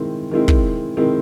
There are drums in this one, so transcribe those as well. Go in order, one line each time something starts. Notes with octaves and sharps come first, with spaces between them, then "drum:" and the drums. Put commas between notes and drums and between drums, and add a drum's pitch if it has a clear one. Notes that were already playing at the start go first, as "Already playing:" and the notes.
Already playing: D#3 G#3 C4 E4
D#3 G#3 C4 E4
drum: kick
D#3 G#3 C4 E4